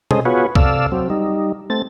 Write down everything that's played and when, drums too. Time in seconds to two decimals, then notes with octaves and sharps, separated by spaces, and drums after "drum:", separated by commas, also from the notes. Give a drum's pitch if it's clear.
0.11 G#3 C#4 G#4 A4 C5 D#5, drum: tom B2
0.25 B3 F4 F#4 G#4 B4 C#5
0.55 C3 A4 D5 F5 E6, drum: kick
0.92 F#3 C4
1.10 G3 D#4
1.70 A3 C4 A6